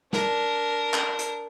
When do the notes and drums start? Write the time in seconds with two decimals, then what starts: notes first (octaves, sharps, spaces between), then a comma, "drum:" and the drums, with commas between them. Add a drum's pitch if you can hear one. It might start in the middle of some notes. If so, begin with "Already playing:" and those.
0.13 D4 A#4, drum: snare
0.93 drum: clap
1.19 drum: hi-hat